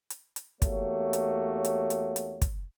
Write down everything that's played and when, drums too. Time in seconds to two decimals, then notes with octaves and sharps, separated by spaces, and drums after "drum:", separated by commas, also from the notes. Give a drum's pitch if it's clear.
0.10 drum: hi-hat
0.36 drum: hi-hat
0.62 E2 A3 A#3 F#4 G4 C#5, drum: kick, hi-hat
1.13 drum: hi-hat
1.64 drum: hi-hat
1.90 drum: hi-hat
2.16 drum: hi-hat
2.42 drum: kick, hi-hat